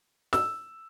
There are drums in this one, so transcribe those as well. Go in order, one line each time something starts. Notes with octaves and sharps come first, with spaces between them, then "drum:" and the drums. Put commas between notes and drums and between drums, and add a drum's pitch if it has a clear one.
E6, drum: snare